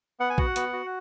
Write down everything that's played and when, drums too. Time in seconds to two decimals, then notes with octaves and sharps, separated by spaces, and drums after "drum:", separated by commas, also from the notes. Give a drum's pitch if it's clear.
0.20 B3 F#5
0.30 G#5
0.38 F#4 F#5, drum: kick A#1
0.56 B3, drum: hi-hat
0.73 F#4